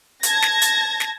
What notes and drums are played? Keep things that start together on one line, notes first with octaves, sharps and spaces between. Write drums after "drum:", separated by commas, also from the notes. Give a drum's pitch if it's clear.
A5 G#6 A#6, drum: hi-hat
drum: snare
drum: hi-hat
drum: snare